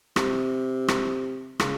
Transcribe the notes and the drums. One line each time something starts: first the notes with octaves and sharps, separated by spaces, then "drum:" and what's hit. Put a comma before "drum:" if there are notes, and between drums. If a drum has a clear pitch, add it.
C3, drum: rim click
drum: rim click
C#3, drum: rim click